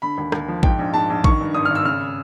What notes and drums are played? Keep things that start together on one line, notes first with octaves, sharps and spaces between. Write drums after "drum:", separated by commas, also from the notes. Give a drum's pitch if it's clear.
D3 B5
D#2
D#2, drum: rim click
F3
G#2 G5, drum: kick A1
A#1
G#2 A5
A#1
D#3 C#6, drum: kick A1
G2
G#1 D#6
F6
G#1
E6
C#3 F6